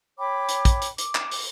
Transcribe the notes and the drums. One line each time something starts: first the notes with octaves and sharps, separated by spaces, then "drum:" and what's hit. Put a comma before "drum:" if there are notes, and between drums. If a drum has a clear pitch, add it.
C#5 G5 B5 D6
drum: hi-hat
drum: kick, hi-hat
drum: hi-hat
D6, drum: hi-hat
drum: clap
drum: open hi-hat